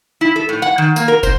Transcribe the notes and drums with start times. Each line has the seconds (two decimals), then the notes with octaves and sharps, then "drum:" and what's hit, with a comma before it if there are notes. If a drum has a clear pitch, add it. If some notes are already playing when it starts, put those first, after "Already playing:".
0.21 E4
0.36 A4
0.49 A2
0.62 F#5
0.78 D#3
0.96 A#3, drum: tambourine
1.08 A#4
1.23 C5, drum: kick, tambourine